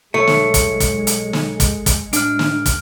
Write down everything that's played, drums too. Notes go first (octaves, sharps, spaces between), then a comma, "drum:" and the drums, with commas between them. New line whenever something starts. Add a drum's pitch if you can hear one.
B1 G#3 A3 C#5 C#7
drum: snare
drum: kick, hi-hat
drum: kick, hi-hat
drum: hi-hat
drum: snare
drum: kick, hi-hat
drum: kick, hi-hat
A2 D4 F6 D7, drum: hi-hat
drum: snare
drum: kick, hi-hat